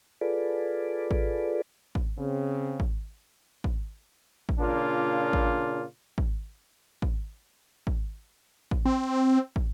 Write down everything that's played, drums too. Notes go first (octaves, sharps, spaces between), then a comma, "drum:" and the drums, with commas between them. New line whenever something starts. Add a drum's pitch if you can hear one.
F4 G#4 A4 B4 D5
drum: kick
drum: kick
C#3 C4
drum: kick
drum: kick
drum: kick
A#2 C#3 A#3 D4 F4
drum: kick
drum: kick
drum: kick
drum: kick
drum: kick
C4
drum: kick